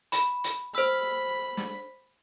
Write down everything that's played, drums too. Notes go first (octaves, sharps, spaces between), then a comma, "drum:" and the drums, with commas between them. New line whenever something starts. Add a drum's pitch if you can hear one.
B5, drum: hi-hat
drum: hi-hat
C5 B5 E6
drum: snare